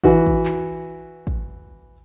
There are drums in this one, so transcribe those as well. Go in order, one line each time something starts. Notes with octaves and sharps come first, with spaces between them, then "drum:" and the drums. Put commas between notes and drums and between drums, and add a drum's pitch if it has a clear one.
E3 F#4, drum: kick
drum: kick
drum: clap
drum: kick